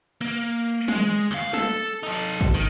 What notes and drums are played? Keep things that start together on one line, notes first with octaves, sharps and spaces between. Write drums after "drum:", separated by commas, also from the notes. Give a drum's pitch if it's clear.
A#3
G#3, drum: tom
D#2 F5
A4, drum: snare
D#4 A4
drum: kick
D#3